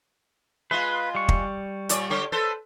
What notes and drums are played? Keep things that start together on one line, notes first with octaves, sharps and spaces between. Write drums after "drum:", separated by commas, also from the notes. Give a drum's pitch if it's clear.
G#3 F4 B4
G3 C#6
drum: kick
A#2 C#5 D5, drum: hi-hat
D3 G4 C#5
A4 B4 C5